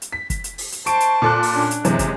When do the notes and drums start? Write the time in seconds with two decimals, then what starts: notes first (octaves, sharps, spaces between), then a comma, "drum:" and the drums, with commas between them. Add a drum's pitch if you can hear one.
0.02 drum: hi-hat
0.12 B6
0.30 drum: kick, hi-hat
0.44 drum: hi-hat
0.58 drum: open hi-hat
0.72 drum: hi-hat
0.86 C5 A5 C#6 D7, drum: hi-hat
1.00 drum: hi-hat
1.22 A#2 A4 F#6
1.43 drum: open hi-hat
1.53 C#4 D4
1.71 drum: hi-hat
1.85 F#2 C3 E3 G#3, drum: hi-hat
1.99 drum: kick, hi-hat